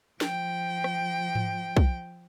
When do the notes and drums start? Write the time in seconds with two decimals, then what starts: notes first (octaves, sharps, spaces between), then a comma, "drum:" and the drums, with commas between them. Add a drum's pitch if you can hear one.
0.21 F3 G5, drum: snare
0.84 drum: rim click
1.35 drum: tom G#2
1.77 drum: kick B1